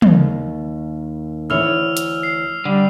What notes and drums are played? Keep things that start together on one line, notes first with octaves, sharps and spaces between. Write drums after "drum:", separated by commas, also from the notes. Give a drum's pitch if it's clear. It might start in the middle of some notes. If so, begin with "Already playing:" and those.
D#2, drum: tom
D2 E3 C#5 E6 F6 F7
drum: hi-hat
C7
D3 G3